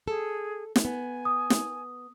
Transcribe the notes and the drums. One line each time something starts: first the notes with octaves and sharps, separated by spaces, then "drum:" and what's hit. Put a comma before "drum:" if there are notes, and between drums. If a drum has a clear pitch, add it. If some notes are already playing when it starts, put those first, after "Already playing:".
G#4 A4
drum: snare
B3 G#5
D#6
drum: snare